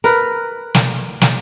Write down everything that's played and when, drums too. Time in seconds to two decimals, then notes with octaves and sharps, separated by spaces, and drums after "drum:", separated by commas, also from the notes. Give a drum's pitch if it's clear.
0.04 A#4 B4
0.74 drum: snare
1.21 drum: snare